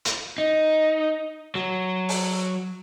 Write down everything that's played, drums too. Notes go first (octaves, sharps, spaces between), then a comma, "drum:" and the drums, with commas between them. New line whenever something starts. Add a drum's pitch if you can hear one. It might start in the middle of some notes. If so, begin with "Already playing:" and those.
drum: hi-hat
D#4
F#3
drum: open hi-hat